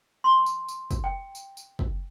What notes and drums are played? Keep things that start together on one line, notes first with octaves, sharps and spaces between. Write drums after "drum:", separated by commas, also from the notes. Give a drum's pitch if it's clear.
C6
drum: tambourine
drum: tambourine
drum: kick, tambourine
G5
drum: tambourine
drum: tambourine
drum: kick